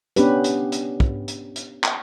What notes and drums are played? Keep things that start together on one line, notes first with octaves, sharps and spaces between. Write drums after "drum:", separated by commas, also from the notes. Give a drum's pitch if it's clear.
B3 C#4 D4 G4 B4, drum: hi-hat
drum: hi-hat
drum: hi-hat
drum: kick
drum: hi-hat
drum: hi-hat
drum: clap